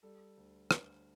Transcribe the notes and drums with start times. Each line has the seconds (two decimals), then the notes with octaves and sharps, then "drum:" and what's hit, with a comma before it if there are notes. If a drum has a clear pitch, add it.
0.03 G3 A4
0.37 D2
0.71 D2, drum: rim click